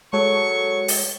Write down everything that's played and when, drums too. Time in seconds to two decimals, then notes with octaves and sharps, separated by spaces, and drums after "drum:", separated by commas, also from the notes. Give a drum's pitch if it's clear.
0.13 F#3 G#3 A4 C#5 C#6
0.88 drum: open hi-hat